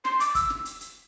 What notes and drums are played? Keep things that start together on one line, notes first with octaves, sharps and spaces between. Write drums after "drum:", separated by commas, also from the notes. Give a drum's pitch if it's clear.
C6, drum: snare
D6, drum: hi-hat
E6, drum: kick, hi-hat
drum: snare
drum: hi-hat
drum: hi-hat